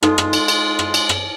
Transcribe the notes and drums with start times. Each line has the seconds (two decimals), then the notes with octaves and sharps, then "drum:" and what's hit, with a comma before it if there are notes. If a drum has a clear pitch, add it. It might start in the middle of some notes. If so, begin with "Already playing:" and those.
0.03 G#3 D#4 F4 A4, drum: rim click
0.18 drum: rim click
0.33 drum: cymbal
0.48 drum: cymbal
0.79 drum: rim click
0.94 drum: cymbal
1.09 drum: rim click